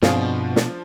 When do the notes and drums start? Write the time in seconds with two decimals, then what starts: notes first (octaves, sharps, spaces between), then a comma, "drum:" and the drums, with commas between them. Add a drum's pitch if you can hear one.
0.02 G2 B2 F3 C4 D4 F4 G#4 F5, drum: snare
0.56 drum: snare